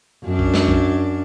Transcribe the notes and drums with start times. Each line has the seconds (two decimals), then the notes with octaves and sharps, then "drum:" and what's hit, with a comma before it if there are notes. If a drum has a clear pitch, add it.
0.24 F#2 D4
0.39 drum: kick
0.54 drum: snare
0.68 drum: kick